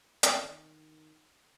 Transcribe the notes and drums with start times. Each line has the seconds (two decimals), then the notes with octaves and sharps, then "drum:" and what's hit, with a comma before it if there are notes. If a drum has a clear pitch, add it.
0.23 D#3, drum: hi-hat